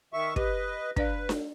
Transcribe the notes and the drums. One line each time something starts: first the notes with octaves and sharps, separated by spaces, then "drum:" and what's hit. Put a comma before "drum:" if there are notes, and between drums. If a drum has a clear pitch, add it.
D#3 E5 C#6
G4 B4 D#5, drum: kick
D4 B4 D5 F5, drum: kick
drum: snare D4